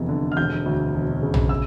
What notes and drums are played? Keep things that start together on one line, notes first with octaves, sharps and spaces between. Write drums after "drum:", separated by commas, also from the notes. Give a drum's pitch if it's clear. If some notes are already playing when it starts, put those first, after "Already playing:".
Already playing: F1 E2 G3
D3
F6
E1 G6
D2
E1
C#3
drum: tom A#1
E6